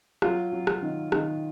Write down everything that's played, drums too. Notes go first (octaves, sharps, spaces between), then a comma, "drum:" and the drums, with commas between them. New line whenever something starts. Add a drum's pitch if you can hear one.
F#3 F4, drum: rim click
F#3
drum: rim click
D#3
D#3, drum: rim click